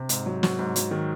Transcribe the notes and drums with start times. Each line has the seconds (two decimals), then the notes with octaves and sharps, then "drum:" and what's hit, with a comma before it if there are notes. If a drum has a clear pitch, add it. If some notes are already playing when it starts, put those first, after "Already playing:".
Already playing: C3
0.09 G#2, drum: hi-hat
0.26 F#3
0.43 F#3 F#4, drum: snare
0.59 G#2
0.76 F#3, drum: hi-hat
0.91 D#3